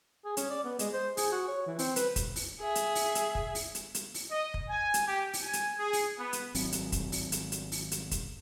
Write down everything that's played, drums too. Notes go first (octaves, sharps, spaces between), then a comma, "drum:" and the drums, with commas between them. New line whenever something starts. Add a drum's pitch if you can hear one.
G#4
C#4, drum: hi-hat
D5
B3
G#3, drum: hi-hat
C5
G#4, drum: open hi-hat
F#4
C#5
E3
C4, drum: open hi-hat
B4, drum: hi-hat
drum: kick, hi-hat
drum: open hi-hat
G#4 E5
drum: hi-hat
drum: open hi-hat
drum: hi-hat
drum: kick
drum: open hi-hat
drum: hi-hat
drum: hi-hat
drum: open hi-hat
D#5
drum: kick
G#5
drum: hi-hat
G4
drum: open hi-hat
G#5
drum: hi-hat
G#4
drum: open hi-hat
B3
drum: hi-hat
G#1 F#3 C4, drum: open hi-hat
drum: hi-hat
drum: kick, hi-hat
drum: open hi-hat
drum: hi-hat
drum: hi-hat
drum: open hi-hat
drum: hi-hat
drum: kick, hi-hat